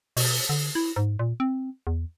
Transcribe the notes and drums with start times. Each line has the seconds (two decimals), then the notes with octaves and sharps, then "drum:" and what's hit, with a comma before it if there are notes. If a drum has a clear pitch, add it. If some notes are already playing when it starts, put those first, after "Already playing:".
0.17 B2, drum: open hi-hat
0.49 D3
0.75 E4
0.96 G#2
1.19 A#2
1.40 C4
1.87 E2